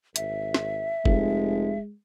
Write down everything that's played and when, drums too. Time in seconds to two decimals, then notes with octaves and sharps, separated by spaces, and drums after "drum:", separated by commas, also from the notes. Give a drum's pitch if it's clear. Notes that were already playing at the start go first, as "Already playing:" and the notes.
0.16 G#1 E5, drum: hi-hat
0.54 drum: snare
1.05 F1 G#3, drum: kick